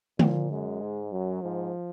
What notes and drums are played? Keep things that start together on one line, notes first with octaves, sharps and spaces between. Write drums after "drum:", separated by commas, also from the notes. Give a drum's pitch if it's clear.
A#2 F3, drum: tom D3
F#2 G#3
G#2
F#2 F#3
G#2 F3